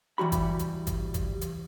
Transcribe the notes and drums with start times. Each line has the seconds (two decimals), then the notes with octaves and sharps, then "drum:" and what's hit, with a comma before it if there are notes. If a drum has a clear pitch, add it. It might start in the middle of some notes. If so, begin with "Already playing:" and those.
0.18 E3 G3 F#4 B5
0.32 drum: kick, hi-hat
0.59 drum: hi-hat
0.87 drum: kick, hi-hat
1.14 drum: kick, hi-hat
1.41 drum: hi-hat